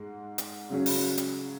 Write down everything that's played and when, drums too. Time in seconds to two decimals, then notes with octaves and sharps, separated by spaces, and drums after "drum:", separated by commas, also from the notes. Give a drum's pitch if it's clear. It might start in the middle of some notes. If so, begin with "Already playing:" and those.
Already playing: G#2 G#3
0.38 drum: hi-hat
0.70 C#3 F#3 C#4
0.86 drum: open hi-hat
1.18 drum: hi-hat